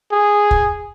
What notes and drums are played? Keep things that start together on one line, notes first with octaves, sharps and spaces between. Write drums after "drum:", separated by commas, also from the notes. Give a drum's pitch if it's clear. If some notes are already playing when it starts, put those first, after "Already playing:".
G#4
drum: kick